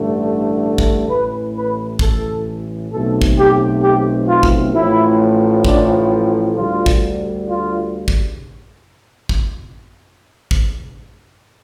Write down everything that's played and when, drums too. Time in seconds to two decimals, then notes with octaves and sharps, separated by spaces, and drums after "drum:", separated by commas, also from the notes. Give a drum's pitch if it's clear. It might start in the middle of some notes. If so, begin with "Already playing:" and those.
Already playing: A1 G2 D3 A3
0.78 drum: kick
1.09 A1 A2 E3 B4
1.55 B4
1.99 A4, drum: kick
2.91 B1 B2 A3 C4 A4
3.22 drum: kick
3.37 G4
3.82 G4
4.28 F4
4.43 drum: kick
4.73 A1 A2 F3 E4
5.65 D4, drum: kick
6.55 D2 D3 G3 F4
6.86 drum: kick
7.47 F4
8.08 drum: kick
9.29 drum: kick
10.51 drum: kick